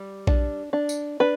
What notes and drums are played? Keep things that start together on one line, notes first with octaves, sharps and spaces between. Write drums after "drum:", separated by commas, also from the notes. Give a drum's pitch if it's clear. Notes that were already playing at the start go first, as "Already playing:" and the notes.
Already playing: G3
D4, drum: kick A#1
D4
drum: tambourine
D4 B4